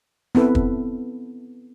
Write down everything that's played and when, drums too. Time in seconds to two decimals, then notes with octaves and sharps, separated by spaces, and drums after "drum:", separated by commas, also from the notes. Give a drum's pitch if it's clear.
0.35 B3 C4 E4 A4 B4, drum: snare
0.55 drum: kick